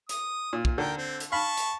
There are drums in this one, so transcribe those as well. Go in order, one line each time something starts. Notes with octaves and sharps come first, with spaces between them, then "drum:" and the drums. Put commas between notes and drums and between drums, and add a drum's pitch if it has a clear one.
D#6, drum: hi-hat
A#2
drum: kick
D3 A#4 G5
C4
drum: hi-hat
F5 A5 B5 C#6
drum: hi-hat